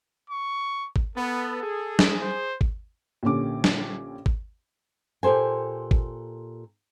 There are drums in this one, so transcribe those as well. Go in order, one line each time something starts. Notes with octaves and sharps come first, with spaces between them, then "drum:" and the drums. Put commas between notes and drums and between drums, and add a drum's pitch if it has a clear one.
C#6
drum: kick G#1
B3 A4
G#4
drum: snare
C5
drum: kick G#1
A#1 D3 A#3 C#4 G4 D6
drum: snare
drum: kick G#1
A#2 G4 A4 C5 G#5
drum: kick G#1